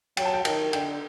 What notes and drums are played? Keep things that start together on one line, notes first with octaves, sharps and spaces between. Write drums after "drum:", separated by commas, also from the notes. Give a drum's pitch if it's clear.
F#3 G5, drum: cymbal
A5
G5
D#3 G5, drum: cymbal
D3 G5, drum: cymbal